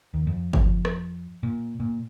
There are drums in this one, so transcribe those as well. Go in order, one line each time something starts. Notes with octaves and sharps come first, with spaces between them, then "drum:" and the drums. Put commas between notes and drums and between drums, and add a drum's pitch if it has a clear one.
D#2
F2
F2, drum: kick G1
drum: rim click
A#2
A#2